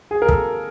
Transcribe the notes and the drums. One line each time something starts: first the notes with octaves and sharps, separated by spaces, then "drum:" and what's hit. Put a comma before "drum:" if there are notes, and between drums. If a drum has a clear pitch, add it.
G#4
A#4
A4, drum: kick